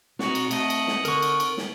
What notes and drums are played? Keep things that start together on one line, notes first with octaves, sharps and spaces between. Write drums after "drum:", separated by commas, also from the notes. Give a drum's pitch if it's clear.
B2 C4 D#4 F#4, drum: snare
drum: cymbal
A3 D#5 F#5, drum: cymbal
drum: cymbal
drum: snare
D3 A#4 C#6, drum: cymbal
drum: cymbal
drum: cymbal
drum: snare